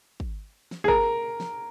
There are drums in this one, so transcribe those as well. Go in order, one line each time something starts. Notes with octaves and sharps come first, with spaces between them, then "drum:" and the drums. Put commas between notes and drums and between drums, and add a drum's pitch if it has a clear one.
drum: kick
drum: snare
G#4
A#4, drum: kick
drum: snare